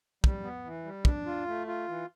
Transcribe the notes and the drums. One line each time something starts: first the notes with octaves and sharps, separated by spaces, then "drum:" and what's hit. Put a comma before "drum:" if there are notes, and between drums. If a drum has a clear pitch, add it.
G3, drum: kick
B3
E3
G3
D4, drum: kick
F4
A3
F4
E3